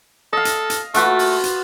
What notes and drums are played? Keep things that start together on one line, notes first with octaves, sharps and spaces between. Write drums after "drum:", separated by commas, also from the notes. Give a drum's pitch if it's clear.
A4 D#5 F5
drum: hi-hat
drum: hi-hat
A3 F4 F#4 B4, drum: hi-hat
drum: open hi-hat
drum: hi-hat